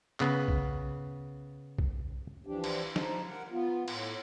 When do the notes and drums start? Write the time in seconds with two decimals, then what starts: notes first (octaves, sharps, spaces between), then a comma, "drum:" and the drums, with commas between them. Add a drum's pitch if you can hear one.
0.20 C#3 B3, drum: clap
0.48 drum: kick B1
1.79 drum: kick B1
2.47 E3 F3 D4 G4
2.64 drum: cymbal
2.96 F3 D#4 A5, drum: snare
3.27 A#4 F#5
3.51 B3 F4
3.88 A2, drum: cymbal